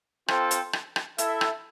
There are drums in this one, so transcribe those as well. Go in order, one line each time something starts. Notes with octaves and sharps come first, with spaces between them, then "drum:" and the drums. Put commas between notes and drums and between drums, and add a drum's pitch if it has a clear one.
C4 F4 A4 C5 G5, drum: rim click
drum: hi-hat
drum: rim click
drum: rim click
E4 A4 E5, drum: hi-hat
drum: rim click